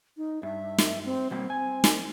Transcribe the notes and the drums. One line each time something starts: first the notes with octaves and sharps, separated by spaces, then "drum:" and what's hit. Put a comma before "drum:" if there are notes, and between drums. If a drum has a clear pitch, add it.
D#4
G2 E5
drum: snare
C4
B2 G3 A#3 C4
G#5
drum: snare